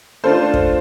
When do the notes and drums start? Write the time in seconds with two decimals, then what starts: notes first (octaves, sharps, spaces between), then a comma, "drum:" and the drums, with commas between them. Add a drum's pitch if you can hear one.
0.24 A3 D4 F4 A4 C5
0.54 drum: kick